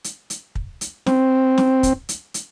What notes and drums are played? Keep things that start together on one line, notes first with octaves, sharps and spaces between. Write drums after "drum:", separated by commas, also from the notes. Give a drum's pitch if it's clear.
drum: hi-hat
drum: hi-hat
drum: kick
drum: hi-hat
C4, drum: snare
drum: snare
drum: kick, hi-hat
drum: hi-hat
drum: hi-hat